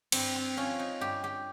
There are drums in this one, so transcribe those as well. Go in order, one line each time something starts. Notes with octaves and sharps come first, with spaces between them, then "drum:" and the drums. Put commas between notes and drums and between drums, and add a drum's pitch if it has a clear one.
G2 C4, drum: cymbal
C4
F3 C#4
D#4
G2 G4
G4